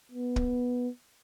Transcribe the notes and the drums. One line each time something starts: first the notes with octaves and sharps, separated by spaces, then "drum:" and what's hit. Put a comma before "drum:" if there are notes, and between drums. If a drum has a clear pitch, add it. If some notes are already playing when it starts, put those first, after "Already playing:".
B3
drum: kick